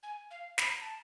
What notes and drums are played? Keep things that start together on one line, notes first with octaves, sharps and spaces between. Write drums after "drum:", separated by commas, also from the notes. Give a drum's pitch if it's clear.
G#5
F5
B5, drum: snare
A#5
A5